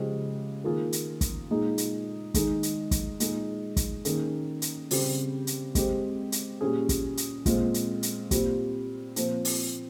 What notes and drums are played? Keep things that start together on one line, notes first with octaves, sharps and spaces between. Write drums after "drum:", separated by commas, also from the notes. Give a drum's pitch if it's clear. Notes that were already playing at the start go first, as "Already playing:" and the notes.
Already playing: C#3 F3 G#3 C#4 G4
D#3 A#3 F4 G#4
drum: hi-hat
drum: kick, hi-hat
A#2 G#3 D#4 G#4
drum: hi-hat
D#3 G#3 D#4 G#4, drum: kick, hi-hat
drum: hi-hat
drum: kick, hi-hat
A#2 G#3 D#4 G#4, drum: hi-hat
drum: kick, hi-hat
D#3 A#3 C#4 G#4, drum: hi-hat
drum: hi-hat
C#3 G3 C4 G4, drum: open hi-hat
drum: hi-hat
G#3 C4 G4, drum: kick, hi-hat
drum: hi-hat
A#2 G3 C#4 G#4
drum: kick, hi-hat
drum: hi-hat
A#2 G#3 C4 F4, drum: kick, hi-hat
drum: hi-hat
drum: hi-hat
A#2 G3 C4, drum: kick, hi-hat
A#2 F3 C4, drum: hi-hat
drum: open hi-hat